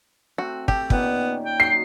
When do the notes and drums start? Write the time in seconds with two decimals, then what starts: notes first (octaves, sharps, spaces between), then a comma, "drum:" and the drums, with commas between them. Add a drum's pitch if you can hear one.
0.38 A3 C4 F#4
0.68 G4 A4, drum: kick
0.90 A#2 D#3 B3 C#4, drum: kick
1.44 G5
1.60 F#3 D#4 F#4 C7